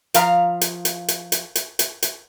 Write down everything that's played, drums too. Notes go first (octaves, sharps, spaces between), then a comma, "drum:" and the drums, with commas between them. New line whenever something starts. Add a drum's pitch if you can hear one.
F3 F5 A#5, drum: hi-hat
drum: hi-hat
drum: hi-hat
drum: hi-hat
drum: hi-hat
drum: hi-hat
drum: hi-hat
drum: hi-hat